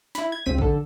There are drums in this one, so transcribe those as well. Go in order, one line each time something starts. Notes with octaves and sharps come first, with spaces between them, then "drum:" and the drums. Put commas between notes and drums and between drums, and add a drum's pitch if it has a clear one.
E4 B5, drum: snare
G#6
C#2 C4 B6 D#7
D3 A4, drum: kick A#1